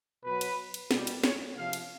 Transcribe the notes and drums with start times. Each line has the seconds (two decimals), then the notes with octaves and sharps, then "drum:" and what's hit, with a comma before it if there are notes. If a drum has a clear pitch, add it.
0.24 B2 F#3 B4
0.41 drum: cymbal
0.74 drum: cymbal
0.91 B2 G3, drum: snare
1.07 drum: cymbal
1.24 C#5, drum: snare
1.56 C3 F3 F5
1.73 drum: cymbal